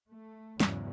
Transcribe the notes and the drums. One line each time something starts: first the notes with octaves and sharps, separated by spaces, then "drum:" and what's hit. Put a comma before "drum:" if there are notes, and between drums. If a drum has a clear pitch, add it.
A3
E2 G#2 C#3 F#3, drum: snare